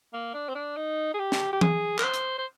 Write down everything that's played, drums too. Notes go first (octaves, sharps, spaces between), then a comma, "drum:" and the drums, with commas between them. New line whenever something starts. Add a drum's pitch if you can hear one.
A#3
D4
C4
D4
D#4
G#4
G4
drum: snare
G4
G#4, drum: tom E3
A#4, drum: clap
C5
drum: hi-hat
C5